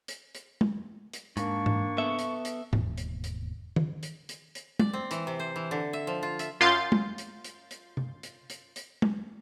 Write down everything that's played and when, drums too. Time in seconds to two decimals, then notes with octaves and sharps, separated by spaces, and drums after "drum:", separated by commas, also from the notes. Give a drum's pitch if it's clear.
0.08 drum: hi-hat
0.35 drum: hi-hat
0.61 drum: tom
1.13 drum: hi-hat
1.37 G#2 A#3 D4 C#6, drum: hi-hat
1.66 drum: tom G#2
1.98 B3 A4 E5
2.19 drum: hi-hat
2.45 drum: hi-hat
2.73 E1 D#2 G#2 B2, drum: tom G#2
2.98 drum: hi-hat
3.24 drum: hi-hat
3.76 drum: tom D#3
4.03 drum: hi-hat
4.29 drum: hi-hat
4.55 drum: hi-hat
4.79 D5, drum: tom
4.93 C4
5.11 E3, drum: hi-hat
5.27 C3
5.40 C5
5.56 E3
5.71 D3
5.93 E5
6.07 F3
6.23 F4
6.39 E5, drum: hi-hat
6.60 F#2 F4 C6 G6 A6
6.92 drum: tom
7.18 drum: hi-hat
7.44 drum: hi-hat
7.71 drum: hi-hat
7.97 drum: tom C3
8.23 drum: hi-hat
8.50 drum: hi-hat
8.76 drum: hi-hat
9.02 drum: tom